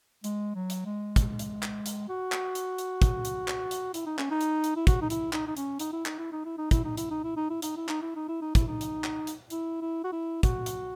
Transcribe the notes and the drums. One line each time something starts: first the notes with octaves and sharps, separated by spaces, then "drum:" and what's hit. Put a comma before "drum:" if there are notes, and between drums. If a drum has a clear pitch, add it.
G#3, drum: hi-hat
F#3
drum: hi-hat
G#3
drum: kick, hi-hat
drum: hi-hat
drum: clap
drum: hi-hat
F#4
drum: clap
drum: hi-hat
drum: hi-hat
drum: kick, hi-hat
drum: hi-hat
drum: clap
drum: hi-hat
E4, drum: hi-hat
D#4
C#4, drum: clap
D#4
drum: hi-hat
drum: hi-hat
E4
F#4, drum: kick, hi-hat
D#4
E4, drum: hi-hat
D#4, drum: clap
D#4
C#4, drum: hi-hat
D#4, drum: hi-hat
E4
D#4, drum: clap
E4
D#4
E4
D#4
E4, drum: kick, hi-hat
D#4
E4, drum: hi-hat
D#4
E4
D#4
E4
D#4, drum: hi-hat
E4
D#4, drum: clap
E4
D#4
E4
D#4
E4, drum: kick, hi-hat
D#4
drum: hi-hat
drum: clap
drum: hi-hat
E4, drum: hi-hat
E4
F#4
E4
F#4, drum: kick, hi-hat
drum: hi-hat